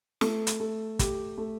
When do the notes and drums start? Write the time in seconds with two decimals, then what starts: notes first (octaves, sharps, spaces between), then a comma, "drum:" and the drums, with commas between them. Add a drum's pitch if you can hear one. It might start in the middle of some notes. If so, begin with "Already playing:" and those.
0.21 A3, drum: snare
0.47 drum: hi-hat
0.60 A3
0.99 G4, drum: kick, hi-hat
1.38 A3